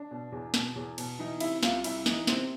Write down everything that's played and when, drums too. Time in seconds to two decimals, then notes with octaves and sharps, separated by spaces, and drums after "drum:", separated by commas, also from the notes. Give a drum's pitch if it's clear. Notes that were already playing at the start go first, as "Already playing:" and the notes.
Already playing: D4
0.11 B2
0.32 E2
0.54 B2, drum: snare
0.76 E2
0.98 B2, drum: cymbal
1.19 E3 D#4
1.40 C3 E4, drum: cymbal
1.63 C2 F4, drum: snare
1.84 C2 E4, drum: cymbal
2.06 E3 D#4, drum: snare
2.27 C3 C4, drum: snare